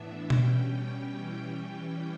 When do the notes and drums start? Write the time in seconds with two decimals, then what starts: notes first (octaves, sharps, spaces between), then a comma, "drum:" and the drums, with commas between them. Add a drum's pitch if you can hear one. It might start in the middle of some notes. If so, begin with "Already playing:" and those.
Already playing: A2 E3 B3 D4 E5
0.30 B2 G3 C#4 G5, drum: tom B2
1.16 E3 G3 C#4
1.59 G5